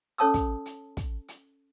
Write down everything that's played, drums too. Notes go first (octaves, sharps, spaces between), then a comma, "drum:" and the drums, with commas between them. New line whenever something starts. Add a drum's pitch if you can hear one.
C#4 A4 C#5 A5 D#6 E6
drum: kick, hi-hat
drum: hi-hat
drum: kick, hi-hat
drum: hi-hat